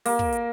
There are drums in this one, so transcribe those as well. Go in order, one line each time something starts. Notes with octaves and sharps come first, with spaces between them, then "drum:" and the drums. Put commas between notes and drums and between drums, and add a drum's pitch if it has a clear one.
A#3, drum: open hi-hat
drum: kick
drum: hi-hat